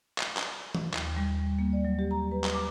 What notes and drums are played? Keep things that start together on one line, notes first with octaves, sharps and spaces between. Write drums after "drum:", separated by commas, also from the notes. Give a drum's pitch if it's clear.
drum: clap
drum: clap
drum: tom E3
D#2, drum: clap
G3
G3
A#3
D5
F#3
G4
A#5
B4
drum: clap
D6